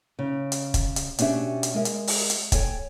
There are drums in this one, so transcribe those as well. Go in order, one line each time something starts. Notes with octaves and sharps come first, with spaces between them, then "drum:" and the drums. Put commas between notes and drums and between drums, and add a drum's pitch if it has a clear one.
C#3
drum: hi-hat
drum: kick, hi-hat
drum: hi-hat
B2 C#4 D4 G4 E5, drum: hi-hat
drum: hi-hat
G#3 A#4 E5
drum: hi-hat
drum: open hi-hat
drum: hi-hat
A4 C#5 G5 G#5, drum: kick, hi-hat